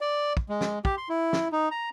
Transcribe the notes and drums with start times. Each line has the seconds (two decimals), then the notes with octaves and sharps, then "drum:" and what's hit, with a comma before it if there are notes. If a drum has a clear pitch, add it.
0.01 D5
0.37 drum: kick
0.49 G#3
0.61 drum: snare
0.85 G4, drum: kick
0.97 C6
1.09 E4
1.33 drum: snare
1.52 D#4
1.71 A#5